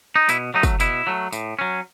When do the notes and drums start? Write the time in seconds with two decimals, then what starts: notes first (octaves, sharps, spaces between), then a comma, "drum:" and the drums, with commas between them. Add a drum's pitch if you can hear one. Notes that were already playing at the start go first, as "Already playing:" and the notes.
0.16 D#4
0.29 B2 E4, drum: tambourine
0.54 F#3 A3 D#4
0.63 drum: kick, tambourine
0.80 B2 E4, drum: tambourine
1.07 F#3 A3
1.33 A2, drum: tambourine
1.59 F#3 C#4